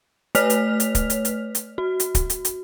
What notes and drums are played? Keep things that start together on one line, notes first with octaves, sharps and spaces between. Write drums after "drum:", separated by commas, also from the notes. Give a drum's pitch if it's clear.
A3 B4 C#5 F6 B6 F7, drum: hi-hat
drum: hi-hat
drum: hi-hat
drum: kick D1, hi-hat
drum: hi-hat
drum: hi-hat
drum: hi-hat
F#4
drum: hi-hat
drum: kick D1, hi-hat
drum: hi-hat
drum: hi-hat